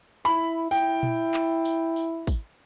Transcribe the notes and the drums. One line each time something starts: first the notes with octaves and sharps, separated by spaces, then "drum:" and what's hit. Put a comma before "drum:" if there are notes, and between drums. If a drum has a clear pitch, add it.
E4 B5
E4 G5, drum: tambourine
drum: tom A#2
drum: clap
drum: tambourine
drum: tambourine
drum: kick, tambourine